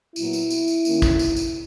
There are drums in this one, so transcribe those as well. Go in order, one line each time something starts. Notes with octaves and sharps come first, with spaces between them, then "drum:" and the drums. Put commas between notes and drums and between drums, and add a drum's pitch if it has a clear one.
A#2 F#3 B3 E4, drum: tambourine
drum: tambourine
drum: tambourine
drum: tambourine
D#3 A#3 C#4, drum: tambourine
drum: kick, tambourine
drum: tambourine
drum: tambourine